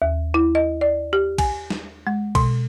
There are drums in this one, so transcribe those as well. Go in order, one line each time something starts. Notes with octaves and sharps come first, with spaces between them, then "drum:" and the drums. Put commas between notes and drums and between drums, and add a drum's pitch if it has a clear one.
D#2
E4
D#5
D5
G4
G#5, drum: kick A#1, cymbal
drum: snare
G#3
B2, drum: kick A#1, cymbal